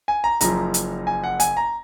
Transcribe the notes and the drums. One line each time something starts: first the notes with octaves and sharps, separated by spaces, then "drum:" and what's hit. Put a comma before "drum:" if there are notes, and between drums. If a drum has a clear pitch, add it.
G#5
A#5
F#1 F#2 F3 A#5, drum: hi-hat
drum: hi-hat
G#5
F#5
G#5, drum: hi-hat
A#5